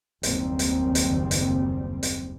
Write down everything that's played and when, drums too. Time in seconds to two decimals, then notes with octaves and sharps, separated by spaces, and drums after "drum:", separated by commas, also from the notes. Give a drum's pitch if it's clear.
0.23 F#1 D#2 G3 C4, drum: hi-hat
0.59 drum: hi-hat
0.95 drum: hi-hat
1.31 drum: hi-hat
2.03 drum: hi-hat